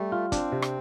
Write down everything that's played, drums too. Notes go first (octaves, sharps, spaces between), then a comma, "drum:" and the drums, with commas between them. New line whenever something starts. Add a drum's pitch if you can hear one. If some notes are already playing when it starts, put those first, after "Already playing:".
Already playing: G3 A3
F4
C4 D4, drum: kick, hi-hat
C3
drum: rim click